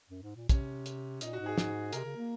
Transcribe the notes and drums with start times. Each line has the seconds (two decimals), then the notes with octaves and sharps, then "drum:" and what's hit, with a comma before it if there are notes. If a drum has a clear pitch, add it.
0.10 F#2
0.23 G#2
0.36 A#2
0.49 C3 C#4, drum: kick, hi-hat
0.86 drum: hi-hat
1.21 A#2 D#4, drum: hi-hat
1.33 F#4
1.40 G#2
1.46 G#4
1.58 G#2, drum: snare
1.93 C3 A#4, drum: hi-hat
2.05 C#3
2.17 A#3